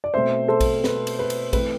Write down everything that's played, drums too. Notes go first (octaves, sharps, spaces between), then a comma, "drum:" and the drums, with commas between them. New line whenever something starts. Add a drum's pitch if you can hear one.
D5
B2 A3 C4 C5 E5
A4 C5
drum: kick A#1, cymbal
B4, drum: snare
drum: cymbal
B4
drum: cymbal
E3 A3 C4 B4, drum: kick A#1, cymbal